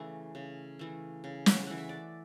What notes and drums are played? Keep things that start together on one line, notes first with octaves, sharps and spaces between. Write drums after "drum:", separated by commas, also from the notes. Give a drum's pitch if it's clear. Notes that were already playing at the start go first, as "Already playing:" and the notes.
Already playing: C#3 E3 A3
C#3
E3 A3
C#3
F#5, drum: snare
E3 A3 F#5
E5
D5